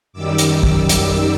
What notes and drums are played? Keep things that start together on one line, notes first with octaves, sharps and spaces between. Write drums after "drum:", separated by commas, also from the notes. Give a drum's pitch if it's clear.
F#2 D#3 G3 D6 E6
drum: hi-hat
D6 E6, drum: kick
drum: hi-hat